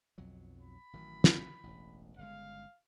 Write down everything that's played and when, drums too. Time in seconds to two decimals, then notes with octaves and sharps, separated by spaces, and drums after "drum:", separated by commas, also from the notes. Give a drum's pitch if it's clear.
0.18 B1 F2 F#3
0.60 B5
0.93 A1 D#3 F#3
1.24 drum: snare
1.63 E1 A1
2.19 G1 C#3 G#3 F5